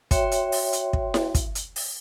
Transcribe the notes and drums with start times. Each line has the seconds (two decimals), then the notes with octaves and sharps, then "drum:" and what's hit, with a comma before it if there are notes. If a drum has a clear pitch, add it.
0.11 F#4 C#5 E5 G5 C6, drum: kick, hi-hat
0.32 drum: hi-hat
0.52 drum: open hi-hat
0.73 drum: hi-hat
0.93 drum: kick
1.14 drum: snare E4
1.35 drum: kick, hi-hat
1.55 drum: hi-hat
1.76 drum: open hi-hat